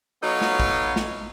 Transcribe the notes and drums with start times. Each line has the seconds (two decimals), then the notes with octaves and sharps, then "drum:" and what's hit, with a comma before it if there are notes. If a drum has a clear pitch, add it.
0.23 F#3 B3 D#4 A4 C#5 F5
0.41 drum: snare
0.60 drum: kick
0.96 drum: snare